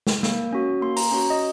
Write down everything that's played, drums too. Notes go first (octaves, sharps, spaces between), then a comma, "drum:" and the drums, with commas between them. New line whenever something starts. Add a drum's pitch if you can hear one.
drum: snare
A#3, drum: snare
C#4 F#4
A#3 C6
A#5, drum: open hi-hat
C#4 F#4
D#5